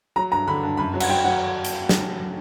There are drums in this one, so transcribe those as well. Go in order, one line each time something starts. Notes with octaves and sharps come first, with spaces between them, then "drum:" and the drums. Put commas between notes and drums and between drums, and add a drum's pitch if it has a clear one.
F#3 A#5
G2 A#5
D3 B5
G2
F#2 B5
F#3
F#5, drum: cymbal
F#3 G5
F#3 F#5
drum: hi-hat
drum: snare